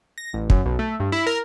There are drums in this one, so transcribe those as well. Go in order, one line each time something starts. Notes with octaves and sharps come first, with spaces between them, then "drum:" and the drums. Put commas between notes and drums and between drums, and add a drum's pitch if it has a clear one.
A#6
A1
F#2, drum: kick
B1
A3
G2
E4
A#4